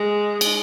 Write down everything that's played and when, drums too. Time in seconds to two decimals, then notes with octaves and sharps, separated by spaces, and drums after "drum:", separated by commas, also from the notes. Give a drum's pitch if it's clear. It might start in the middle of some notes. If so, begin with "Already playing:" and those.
Already playing: G#3
0.41 drum: cymbal